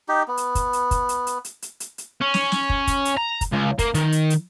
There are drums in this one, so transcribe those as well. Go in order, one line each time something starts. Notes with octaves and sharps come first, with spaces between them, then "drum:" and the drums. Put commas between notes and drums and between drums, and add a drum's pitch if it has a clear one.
D#4 G4
B3
drum: hi-hat
drum: kick, hi-hat
drum: hi-hat
drum: kick, hi-hat
drum: hi-hat
drum: hi-hat
drum: hi-hat
drum: hi-hat
drum: hi-hat
drum: hi-hat
C#4
drum: snare
drum: snare
drum: kick
drum: kick, hi-hat
drum: hi-hat
A#5
drum: kick, hi-hat
C#2
A#3, drum: kick, hi-hat
D#3, drum: hi-hat
drum: hi-hat
drum: hi-hat